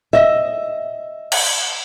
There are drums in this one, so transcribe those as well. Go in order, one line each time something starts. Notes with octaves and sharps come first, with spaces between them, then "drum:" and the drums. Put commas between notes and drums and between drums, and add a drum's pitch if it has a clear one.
D#5 E5
drum: cymbal